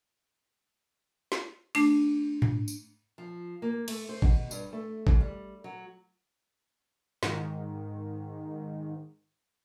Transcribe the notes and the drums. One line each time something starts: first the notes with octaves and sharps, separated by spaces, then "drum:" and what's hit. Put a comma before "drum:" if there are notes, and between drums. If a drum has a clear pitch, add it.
drum: snare
A3 D4, drum: cymbal
drum: tom G#2
drum: tambourine
F3
A#3
A3, drum: cymbal
C5
B2, drum: kick G#1
G2, drum: tambourine
A3
G#2, drum: kick G#1
G3
F#3
G#2 D#3, drum: snare